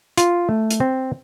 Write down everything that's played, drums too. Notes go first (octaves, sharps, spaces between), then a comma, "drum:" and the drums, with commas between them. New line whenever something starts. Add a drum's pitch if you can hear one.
F4, drum: hi-hat
A3
drum: hi-hat
C4